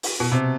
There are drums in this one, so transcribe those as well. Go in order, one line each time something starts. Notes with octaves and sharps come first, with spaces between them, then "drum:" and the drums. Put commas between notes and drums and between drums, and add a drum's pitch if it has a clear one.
drum: open hi-hat
B2
C3